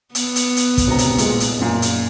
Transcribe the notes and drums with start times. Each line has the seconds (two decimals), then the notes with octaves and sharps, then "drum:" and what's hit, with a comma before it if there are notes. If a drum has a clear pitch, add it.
0.15 B3, drum: hi-hat
0.36 drum: hi-hat
0.57 drum: hi-hat
0.78 drum: kick, hi-hat
0.87 E1 C3 A#5
0.98 drum: hi-hat
1.18 A#2 G#3, drum: hi-hat
1.40 drum: hi-hat
1.58 F#2 A#2
1.82 drum: hi-hat